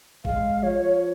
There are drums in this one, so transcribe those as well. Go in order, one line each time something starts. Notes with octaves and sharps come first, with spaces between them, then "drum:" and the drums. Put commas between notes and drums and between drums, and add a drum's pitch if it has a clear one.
G#3 F5, drum: kick A1
F3 C#5
C#5